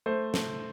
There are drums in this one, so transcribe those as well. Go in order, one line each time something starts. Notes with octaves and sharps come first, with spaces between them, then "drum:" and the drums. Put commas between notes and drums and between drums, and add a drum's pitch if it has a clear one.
A3 C5
A3, drum: snare